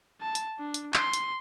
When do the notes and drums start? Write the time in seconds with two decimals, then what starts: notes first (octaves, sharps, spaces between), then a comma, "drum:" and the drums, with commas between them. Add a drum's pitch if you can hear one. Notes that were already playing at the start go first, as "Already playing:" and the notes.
0.21 A5
0.35 drum: hi-hat
0.59 D4
0.74 drum: hi-hat
0.94 C6, drum: clap
1.13 drum: hi-hat